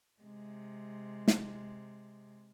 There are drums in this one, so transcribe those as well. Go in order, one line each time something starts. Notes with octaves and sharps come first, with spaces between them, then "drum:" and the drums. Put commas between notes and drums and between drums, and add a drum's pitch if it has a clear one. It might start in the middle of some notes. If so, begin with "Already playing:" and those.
C3 G#3
drum: snare